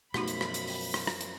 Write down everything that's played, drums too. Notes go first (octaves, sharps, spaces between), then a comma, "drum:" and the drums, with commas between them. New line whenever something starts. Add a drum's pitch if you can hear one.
F#2 B2 F3 A3 D#4 F#4 B5, drum: rim click
drum: hi-hat
drum: rim click
drum: hi-hat
drum: open hi-hat
drum: open hi-hat
drum: rim click
drum: rim click
drum: hi-hat